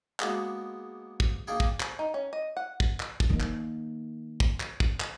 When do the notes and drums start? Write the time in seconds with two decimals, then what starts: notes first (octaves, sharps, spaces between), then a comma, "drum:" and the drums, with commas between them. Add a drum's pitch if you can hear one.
0.20 G#3 A#3 B3 D4 F#4, drum: clap
1.20 drum: kick
1.47 A#2 A#3 D4 D#4 G#4 G5
1.60 drum: kick
1.80 drum: clap
1.99 D#4
2.14 C#4
2.33 D#5
2.57 F#5
2.80 drum: kick
3.00 drum: clap
3.20 drum: kick
3.30 D#3 A#3
3.40 drum: clap
4.40 drum: kick
4.60 drum: clap
4.80 drum: kick
5.00 drum: clap